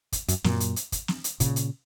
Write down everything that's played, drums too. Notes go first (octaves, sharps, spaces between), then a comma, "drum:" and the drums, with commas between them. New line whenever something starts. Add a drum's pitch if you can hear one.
drum: kick, hi-hat
F#2, drum: hi-hat
F#2 A#2, drum: snare
drum: hi-hat
drum: hi-hat
drum: kick, hi-hat
drum: snare
drum: hi-hat
A#2 C#3, drum: kick, hi-hat
drum: hi-hat